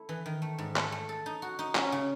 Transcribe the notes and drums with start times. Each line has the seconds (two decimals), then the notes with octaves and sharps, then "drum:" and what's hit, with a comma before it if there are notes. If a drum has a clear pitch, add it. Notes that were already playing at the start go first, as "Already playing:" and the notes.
Already playing: A3 E4
0.09 E3
0.26 D#3
0.42 A3
0.58 G#2
0.76 A3, drum: clap
0.92 A3
1.09 A4
1.26 D#4
1.42 F#4
1.59 D#4
1.75 C#4, drum: clap
1.92 C#3